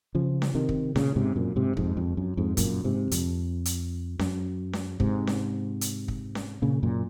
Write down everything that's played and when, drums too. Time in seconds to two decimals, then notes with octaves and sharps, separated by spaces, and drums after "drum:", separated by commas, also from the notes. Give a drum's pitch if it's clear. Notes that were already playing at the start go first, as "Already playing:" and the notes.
0.15 C#3 F3
0.42 drum: snare C#4
0.55 C3 D#3
0.69 drum: kick
0.96 A#2 C#3, drum: snare C#4
1.16 G#2 C3
1.36 F#2 A#2
1.56 G#2 C3
1.77 F2 G#2, drum: kick
1.97 F2
2.17 F#2
2.37 F2 G#2
2.57 F#2 A#2, drum: kick, hi-hat
2.84 G#2 C3
3.11 F2, drum: hi-hat
3.65 drum: hi-hat
4.19 F#2, drum: snare C#4
4.73 drum: snare C#4
5.00 G#2 C3, drum: kick
5.27 drum: snare C#4
5.81 drum: hi-hat
6.08 drum: kick
6.35 drum: snare C#4
6.62 A#2 C#3
6.83 F#2 A#2